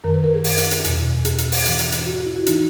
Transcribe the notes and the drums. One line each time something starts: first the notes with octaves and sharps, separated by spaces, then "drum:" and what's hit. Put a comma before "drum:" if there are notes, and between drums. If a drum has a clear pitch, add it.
F#2 D#3 A#4
B4
A#4
G#4
drum: open hi-hat
drum: hi-hat
drum: hi-hat
E2 B2, drum: hi-hat
G#4, drum: hi-hat
drum: hi-hat
drum: open hi-hat
G#2 E3, drum: hi-hat
drum: hi-hat
drum: hi-hat
F#4
F#4
E4
F#4
E3 D#4, drum: hi-hat